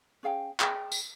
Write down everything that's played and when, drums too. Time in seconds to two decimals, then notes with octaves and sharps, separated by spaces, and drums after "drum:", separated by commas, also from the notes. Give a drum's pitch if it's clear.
0.23 C#4 G#4 F5 G5
0.60 G#4 D#5 G5, drum: clap
0.92 drum: tambourine